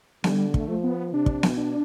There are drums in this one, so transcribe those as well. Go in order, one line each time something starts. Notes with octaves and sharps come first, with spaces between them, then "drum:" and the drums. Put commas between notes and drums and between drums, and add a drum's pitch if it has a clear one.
D3 G3, drum: snare B3
A3, drum: kick
F3
B3
C3 D4
drum: kick
B2, drum: snare B3
D4